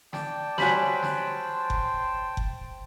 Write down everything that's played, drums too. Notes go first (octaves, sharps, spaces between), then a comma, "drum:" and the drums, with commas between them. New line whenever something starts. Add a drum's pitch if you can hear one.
D5 G5 A5, drum: snare
F#3 G3 C5 G#5 B6 F#7, drum: snare
drum: snare
drum: kick F#1
drum: kick F#1